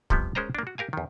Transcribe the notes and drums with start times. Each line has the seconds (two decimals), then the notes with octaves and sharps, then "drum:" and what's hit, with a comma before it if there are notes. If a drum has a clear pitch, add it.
0.10 C3 F3 G3 B3, drum: kick
0.35 G#3 C#4 A#4 C5 D#5 A#5
0.55 A#3 D4
0.67 F#4
0.78 G4 A#4 F5 G#5
0.93 E2 D#3